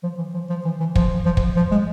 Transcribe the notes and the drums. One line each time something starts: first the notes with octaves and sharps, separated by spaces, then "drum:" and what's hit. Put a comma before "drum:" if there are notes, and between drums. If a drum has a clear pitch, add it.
F3
E3
F3
F3
E3
E3
F3, drum: kick
F3
drum: kick
F3
G#3